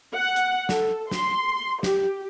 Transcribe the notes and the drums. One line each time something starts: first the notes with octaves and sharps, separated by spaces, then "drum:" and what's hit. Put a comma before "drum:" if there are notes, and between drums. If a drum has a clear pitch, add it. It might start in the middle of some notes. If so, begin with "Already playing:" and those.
F#5
drum: hi-hat
A4, drum: snare
C6, drum: snare
G4, drum: snare